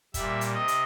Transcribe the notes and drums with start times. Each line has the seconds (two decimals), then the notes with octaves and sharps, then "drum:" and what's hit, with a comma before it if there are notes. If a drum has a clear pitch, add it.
0.14 A#2 G3 E5, drum: kick, hi-hat
0.41 drum: hi-hat
0.54 C3 D#5
0.68 drum: hi-hat